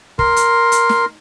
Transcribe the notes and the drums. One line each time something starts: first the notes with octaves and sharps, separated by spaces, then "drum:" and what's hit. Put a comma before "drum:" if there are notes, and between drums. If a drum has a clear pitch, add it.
A#4 C6, drum: kick
drum: hi-hat
drum: hi-hat
drum: snare